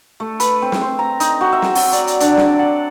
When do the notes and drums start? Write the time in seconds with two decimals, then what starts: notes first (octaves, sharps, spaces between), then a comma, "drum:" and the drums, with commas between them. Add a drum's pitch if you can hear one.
0.20 A3
0.40 B4, drum: hi-hat
0.62 C4
0.72 drum: snare
0.81 C5
0.99 A#5
1.20 D#4, drum: hi-hat
1.41 F#4
1.53 E5
1.62 drum: snare
1.75 F#3, drum: open hi-hat
1.92 D5, drum: hi-hat
2.07 drum: hi-hat
2.20 D4, drum: hi-hat
2.37 drum: snare
2.59 F#5